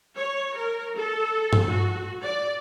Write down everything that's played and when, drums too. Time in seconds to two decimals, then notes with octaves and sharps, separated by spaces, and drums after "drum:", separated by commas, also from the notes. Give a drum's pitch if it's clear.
0.17 C#5
0.56 A#4
0.97 A4
1.53 drum: tom
1.66 F#4
2.24 D5